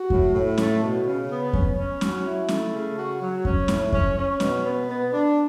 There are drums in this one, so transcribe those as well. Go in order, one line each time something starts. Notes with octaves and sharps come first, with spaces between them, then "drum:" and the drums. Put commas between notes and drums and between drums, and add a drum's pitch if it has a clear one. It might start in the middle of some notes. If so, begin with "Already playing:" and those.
Already playing: F#4
A2, drum: kick F2
A2
A3, drum: snare C#4
B2
C#3
B3
C#4, drum: kick F2
C#4
F#3, drum: snare C#4
E4
A3, drum: snare C#4
C#3
F#4
F#3
C#4, drum: kick F2
A2, drum: snare C#4
C#4, drum: kick F2
C#4
B2, drum: snare C#4
B3
B3
D4